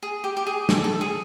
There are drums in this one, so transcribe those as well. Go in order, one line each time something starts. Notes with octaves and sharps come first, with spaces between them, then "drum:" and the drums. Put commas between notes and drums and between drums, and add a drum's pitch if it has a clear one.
G#4
G4
G4
G#4
A4, drum: snare
A4
G#4